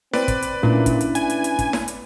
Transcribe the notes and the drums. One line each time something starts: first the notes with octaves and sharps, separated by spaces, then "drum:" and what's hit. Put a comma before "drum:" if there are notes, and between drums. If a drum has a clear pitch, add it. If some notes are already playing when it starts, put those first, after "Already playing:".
C4 B4 D5, drum: snare E4
drum: kick, hi-hat
drum: hi-hat
A#2 A3 C#4 D4 E4
drum: kick, hi-hat
drum: hi-hat
G#5, drum: hi-hat
drum: hi-hat
drum: hi-hat
drum: kick, hi-hat
drum: snare E4
drum: hi-hat